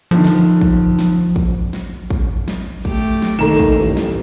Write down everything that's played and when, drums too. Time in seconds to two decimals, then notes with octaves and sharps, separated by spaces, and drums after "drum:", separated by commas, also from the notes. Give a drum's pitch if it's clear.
0.11 D3 D#3 F3
0.24 drum: snare
0.61 drum: kick
0.99 drum: snare
1.36 drum: kick
1.73 drum: snare
2.10 drum: kick
2.48 drum: snare
2.85 A3 G4, drum: kick
3.22 drum: snare
3.39 G1 C2 D#3 A3 A#3 A#5 E7
3.60 drum: kick
3.77 A1
3.97 drum: snare